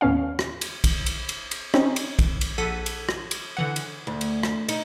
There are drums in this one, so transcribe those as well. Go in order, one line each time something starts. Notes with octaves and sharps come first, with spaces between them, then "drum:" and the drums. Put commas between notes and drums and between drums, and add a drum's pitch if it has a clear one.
D#2 A2 B3 C#4 F5
drum: rim click
drum: cymbal
drum: kick, cymbal
drum: cymbal
drum: cymbal
drum: cymbal
C4 C#4 D#4, drum: rim click
drum: cymbal
drum: kick, cymbal
drum: cymbal
A#1 A4 F#5 B6 D#7
drum: cymbal
drum: rim click
drum: cymbal
D3 E3 F#5
drum: cymbal
D2
drum: cymbal
drum: rim click
D#4, drum: cymbal